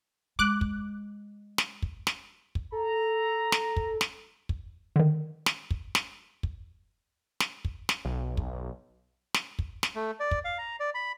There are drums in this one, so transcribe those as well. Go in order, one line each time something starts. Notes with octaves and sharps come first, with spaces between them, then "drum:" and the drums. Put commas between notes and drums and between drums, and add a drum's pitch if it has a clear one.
G#3 D6 F#6
drum: kick
drum: snare
drum: kick
drum: snare
drum: kick
A4 A#5
drum: snare
drum: kick
drum: snare
drum: kick
D3 D#3
drum: snare
drum: kick
drum: snare
drum: kick
drum: snare
drum: kick
drum: snare
B1
drum: kick
drum: snare
drum: kick
drum: snare
A3
D5
drum: kick
F5
A#5
D5
B5